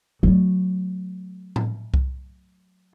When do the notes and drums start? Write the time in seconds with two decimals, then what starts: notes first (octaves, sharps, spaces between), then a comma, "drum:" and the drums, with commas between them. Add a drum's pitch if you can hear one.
0.23 F#3 A3
1.56 drum: tom A2
1.94 drum: kick C2